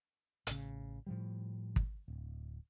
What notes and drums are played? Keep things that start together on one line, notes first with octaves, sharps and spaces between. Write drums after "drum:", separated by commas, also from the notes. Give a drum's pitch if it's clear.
A1 C#3, drum: hi-hat
A2 F3 G3
drum: kick
D1